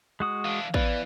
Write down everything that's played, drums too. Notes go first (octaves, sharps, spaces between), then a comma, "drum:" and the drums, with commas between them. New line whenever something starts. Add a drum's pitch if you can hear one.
G#3 F#4 D#6
E3 D4 F5
E3 B3 B4 D5 F5, drum: kick